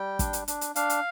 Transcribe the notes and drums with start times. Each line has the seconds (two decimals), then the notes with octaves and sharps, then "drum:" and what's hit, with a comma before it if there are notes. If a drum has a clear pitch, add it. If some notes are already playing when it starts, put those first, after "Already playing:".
Already playing: G3 G5
0.19 D4, drum: kick, hi-hat
0.33 drum: hi-hat
0.48 D4, drum: hi-hat
0.61 drum: hi-hat
0.76 D4 F5, drum: hi-hat
0.90 drum: hi-hat